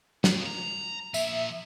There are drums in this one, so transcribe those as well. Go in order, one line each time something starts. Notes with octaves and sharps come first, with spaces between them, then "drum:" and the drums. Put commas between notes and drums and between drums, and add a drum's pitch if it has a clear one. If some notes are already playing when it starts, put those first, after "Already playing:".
F2, drum: snare
A#5
F3 A#3 E5, drum: tambourine